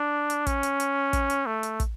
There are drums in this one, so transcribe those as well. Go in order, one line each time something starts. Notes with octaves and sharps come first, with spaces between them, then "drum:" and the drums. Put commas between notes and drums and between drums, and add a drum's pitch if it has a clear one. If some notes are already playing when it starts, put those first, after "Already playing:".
Already playing: D4
drum: hi-hat
C#4, drum: kick, hi-hat
drum: hi-hat
drum: hi-hat
drum: kick, hi-hat
drum: hi-hat
A3
drum: hi-hat
drum: kick, hi-hat